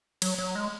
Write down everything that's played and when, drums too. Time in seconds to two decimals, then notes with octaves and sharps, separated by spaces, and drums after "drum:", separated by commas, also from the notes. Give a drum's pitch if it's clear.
0.22 F#3, drum: cymbal
0.38 F#3
0.55 G#3